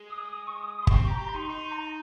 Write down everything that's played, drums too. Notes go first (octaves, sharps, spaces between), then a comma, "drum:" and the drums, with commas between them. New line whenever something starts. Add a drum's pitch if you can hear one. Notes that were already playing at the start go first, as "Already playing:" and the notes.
Already playing: G#3
D#6
D#6
C#6
D#6
C6
C4 C#6, drum: kick G1
G4 A#5
G4
C6
D#4
C#6
D#4 C6
A#5